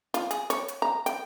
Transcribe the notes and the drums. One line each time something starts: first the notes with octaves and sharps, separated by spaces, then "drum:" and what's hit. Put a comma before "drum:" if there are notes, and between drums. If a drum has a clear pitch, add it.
F4, drum: hi-hat
G#4, drum: hi-hat
C#5, drum: hi-hat
drum: hi-hat
A#5
G5, drum: hi-hat